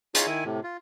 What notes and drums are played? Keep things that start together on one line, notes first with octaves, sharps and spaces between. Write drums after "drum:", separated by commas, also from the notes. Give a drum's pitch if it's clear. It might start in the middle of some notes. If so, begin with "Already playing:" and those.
D#4 F4 G#4 C#5, drum: hi-hat
D#3 E4 G#5
A2 C3
F4